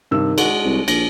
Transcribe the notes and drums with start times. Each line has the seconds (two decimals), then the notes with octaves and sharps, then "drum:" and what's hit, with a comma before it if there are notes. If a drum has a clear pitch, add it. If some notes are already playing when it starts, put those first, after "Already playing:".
0.11 G2 C3 D#3 E6
0.38 G#3 D4 F#4, drum: cymbal
0.65 C2
0.88 A#1 A#6, drum: cymbal